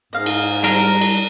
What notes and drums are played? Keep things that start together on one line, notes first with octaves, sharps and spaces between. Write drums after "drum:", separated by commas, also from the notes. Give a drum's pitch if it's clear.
G#2 D#5 F5
drum: cymbal
G3 D4 A#4 A#5, drum: cymbal
drum: cymbal